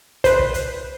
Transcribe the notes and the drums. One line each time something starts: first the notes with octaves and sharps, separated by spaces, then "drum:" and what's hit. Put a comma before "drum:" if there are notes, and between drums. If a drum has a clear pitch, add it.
B4 C5, drum: kick, hi-hat
drum: kick
drum: hi-hat